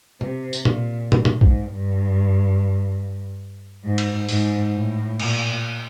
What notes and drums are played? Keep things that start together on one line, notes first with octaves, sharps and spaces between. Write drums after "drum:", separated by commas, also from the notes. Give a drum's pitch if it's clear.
C3, drum: tom
drum: tambourine
A#2, drum: tom
A2, drum: tom
drum: tom
G#2, drum: kick A#1
G2
G#2
drum: cymbal
G#2, drum: open hi-hat
A2
A#2, drum: cymbal